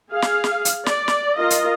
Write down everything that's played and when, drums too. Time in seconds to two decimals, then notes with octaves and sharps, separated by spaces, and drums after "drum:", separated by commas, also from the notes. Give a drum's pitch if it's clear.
0.12 G#4 F5
0.22 drum: snare
0.44 drum: snare
0.65 drum: hi-hat
0.86 D5, drum: snare
1.08 drum: snare
1.38 F4 A#4 D#5
1.50 drum: hi-hat